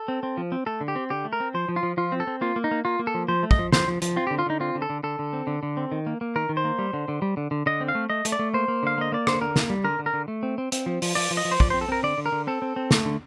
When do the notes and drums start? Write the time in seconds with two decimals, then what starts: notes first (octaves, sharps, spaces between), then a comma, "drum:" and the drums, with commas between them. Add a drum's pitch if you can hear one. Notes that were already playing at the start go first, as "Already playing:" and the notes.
Already playing: A4
0.08 C4
0.23 C4
0.37 F3
0.52 C4
0.66 A3 A4
0.81 D3
0.88 G4
0.95 C4
1.10 D3 G4
1.24 A3
1.33 A#4
1.40 C4
1.54 F3 C5
1.69 F3
1.76 F4
1.83 F3
1.97 F3 F4
2.12 C4
2.20 A4
2.27 C4
2.41 A#3 F4
2.56 A#3
2.64 D#4
2.71 A#3
2.85 A#3 F4
2.99 A#3
3.07 A4
3.14 F3
3.28 F3 C5
3.43 A3
3.51 D#5, drum: kick
3.59 F3
3.73 F3 C5, drum: snare
3.88 F3
4.02 F3, drum: hi-hat
4.16 C4 F4
4.27 G4
4.31 D3
4.39 F4
4.46 D3 D#4
4.60 C4 F4
4.75 D3
4.82 A4
4.90 D3
5.03 D3 A4
5.19 D3
5.33 C4
5.47 D3
5.63 D3
5.77 C4
5.92 D#3
6.06 A#3
6.21 A#3
6.36 D#3 A#4
6.49 D#3
6.57 C5
6.64 A#3
6.79 G3
6.93 D3
7.08 D3
7.22 G3
7.37 D3
7.51 D3
7.66 D3 D#5
7.81 C4
7.88 F5
7.95 A3
8.10 A3 D#5
8.25 A3, drum: hi-hat
8.32 D5
8.39 A3
8.54 A#3 C5
8.68 A#3
8.83 D3 F5
8.98 A#3 D#5
9.12 A#3 D5
9.27 D3 C5, drum: rim click
9.41 D3 A#4
9.56 A#3, drum: snare
9.70 G3
9.84 D3 A#4
9.99 D3
10.06 A#4
10.14 D3
10.28 A3
10.43 C4
10.58 C4
10.72 C4, drum: hi-hat
10.86 F3
11.02 F3, drum: open hi-hat
11.15 F3 D5, drum: open hi-hat
11.31 F3
11.37 D#5
11.45 F3
11.51 C5
11.60 F3 D5, drum: kick
11.70 C5
11.74 C4
11.81 A4
11.88 C4 A#4
12.03 D3 D5
12.18 D3
12.26 A#4
12.32 D3
12.47 C4 A4
12.62 C4
12.76 C4
12.91 A3, drum: snare
13.06 D3